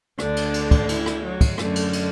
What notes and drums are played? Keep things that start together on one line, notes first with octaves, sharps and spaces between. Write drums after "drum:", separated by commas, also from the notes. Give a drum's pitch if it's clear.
D2 D3 D4, drum: rim click
drum: cymbal
drum: cymbal
drum: kick, cymbal
E4, drum: cymbal
drum: rim click
F#3
drum: kick, cymbal
F#2 D3 A3, drum: rim click
drum: cymbal
drum: cymbal